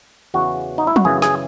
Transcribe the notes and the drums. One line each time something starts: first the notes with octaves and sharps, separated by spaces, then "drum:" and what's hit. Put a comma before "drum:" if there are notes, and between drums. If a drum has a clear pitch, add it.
E2 C#3 E3 F#4
D#4
E4
F#4, drum: tom
F#2 C#3 E3 G#4
G#4, drum: snare